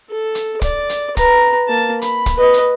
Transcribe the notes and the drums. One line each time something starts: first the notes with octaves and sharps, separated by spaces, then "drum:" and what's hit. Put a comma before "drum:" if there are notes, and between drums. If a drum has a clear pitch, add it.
A4
drum: hi-hat
D5, drum: kick, hi-hat
drum: hi-hat
B4 A#5, drum: kick, hi-hat
A#3 A5
B5, drum: hi-hat
drum: kick, hi-hat
B4 D#5
drum: hi-hat